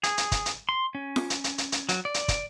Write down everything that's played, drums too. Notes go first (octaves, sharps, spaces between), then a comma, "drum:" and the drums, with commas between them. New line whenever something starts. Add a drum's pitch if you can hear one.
G#4, drum: hi-hat
drum: hi-hat
drum: kick, hi-hat
drum: hi-hat
C6
C#4
drum: snare F4
drum: hi-hat
drum: hi-hat
drum: hi-hat
drum: hi-hat
F#3, drum: hi-hat
D5
drum: hi-hat
drum: kick, hi-hat